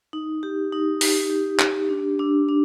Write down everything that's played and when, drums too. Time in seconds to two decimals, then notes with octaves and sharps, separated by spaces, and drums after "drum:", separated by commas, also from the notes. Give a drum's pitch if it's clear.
0.13 D#4
0.43 G4
0.72 D#4
1.01 G4, drum: open hi-hat
1.30 G4
1.59 G4, drum: clap
1.89 D4
2.19 D4
2.49 D4